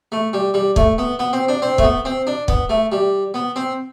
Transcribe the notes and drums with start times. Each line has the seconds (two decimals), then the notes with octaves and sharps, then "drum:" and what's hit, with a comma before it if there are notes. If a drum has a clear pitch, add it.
0.12 A3
0.33 G3
0.54 G3
0.76 A3, drum: kick
0.98 B3
1.19 B3
1.33 C4
1.48 D4
1.62 C4
1.78 A3, drum: kick
1.83 B3
2.05 C4
2.27 D4
2.48 B3, drum: kick
2.69 A3
2.92 G3
3.34 B3
3.56 C4